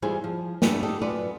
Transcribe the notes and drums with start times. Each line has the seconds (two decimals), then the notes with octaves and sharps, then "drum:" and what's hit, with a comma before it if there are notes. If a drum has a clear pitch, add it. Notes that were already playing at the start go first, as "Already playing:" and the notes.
0.02 E2 G3 E4 F4 G#4 C5
0.24 F3
0.62 E2 G2 G3 A3 B3 D4, drum: snare
0.83 D#4 G4 A4 D5 D#5
1.01 F#2 B3 F4 B4 D5